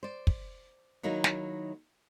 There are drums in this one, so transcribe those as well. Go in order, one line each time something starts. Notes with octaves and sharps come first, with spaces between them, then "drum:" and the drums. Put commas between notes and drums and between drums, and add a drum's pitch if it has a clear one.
C5 D5
drum: kick
D#3 F#3 A#3 D#4 E4
drum: snare